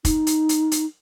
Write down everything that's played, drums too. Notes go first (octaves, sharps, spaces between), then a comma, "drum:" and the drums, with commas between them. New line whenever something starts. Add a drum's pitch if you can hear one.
D#4, drum: kick, hi-hat
drum: hi-hat
drum: hi-hat
drum: hi-hat